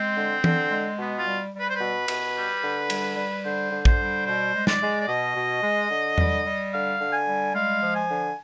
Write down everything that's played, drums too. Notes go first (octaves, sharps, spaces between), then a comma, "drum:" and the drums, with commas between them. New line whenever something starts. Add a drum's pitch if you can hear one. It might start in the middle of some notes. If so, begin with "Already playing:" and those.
Already playing: G#3 C4
D3
D3, drum: tom E3
G#3
B2 B3
F4
G3
G3
B4
C5
B2 B4
B2, drum: cymbal
G3
D3
G3, drum: cymbal
G3
D3 C5
D3
C5, drum: kick
G3
B2 C5
G#3
D5, drum: snare
G#3
D5
B2 D#5
B2
G#3
D3
G3, drum: tom E2
G3
D3 F5
D3
G#5
G3
G#3 F5
F3
G#5
D3